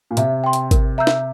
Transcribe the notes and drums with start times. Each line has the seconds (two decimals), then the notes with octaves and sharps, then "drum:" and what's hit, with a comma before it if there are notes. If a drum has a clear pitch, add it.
0.11 A#2
0.17 C3 E5, drum: hi-hat
0.44 G5 C6
0.53 drum: hi-hat
0.71 A#4, drum: kick G#1, hi-hat
0.98 E5 A#5 E6 G6
1.07 drum: snare